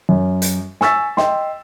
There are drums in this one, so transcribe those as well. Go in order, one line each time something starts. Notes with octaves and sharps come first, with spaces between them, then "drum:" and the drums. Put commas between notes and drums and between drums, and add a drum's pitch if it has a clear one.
F#2
drum: hi-hat
G#5 C#6 E6 A6 B6, drum: snare
D#5 G5 C6, drum: snare